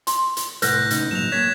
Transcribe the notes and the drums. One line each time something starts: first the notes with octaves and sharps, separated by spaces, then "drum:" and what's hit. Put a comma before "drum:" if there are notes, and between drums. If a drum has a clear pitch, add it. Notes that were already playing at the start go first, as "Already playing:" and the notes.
C6, drum: hi-hat
drum: hi-hat
C2 A2 B4 F#5 F#6 G6 A#6, drum: hi-hat
A#2 C#3 D#4, drum: hi-hat
G#2 F#3 A#3 E7 F7
A#3 C#5 G#6 B6 E7